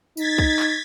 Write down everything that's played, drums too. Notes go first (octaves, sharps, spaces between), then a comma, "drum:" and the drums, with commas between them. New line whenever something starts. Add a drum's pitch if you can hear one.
D#4 G#6 A6 B6, drum: tambourine
drum: kick
drum: clap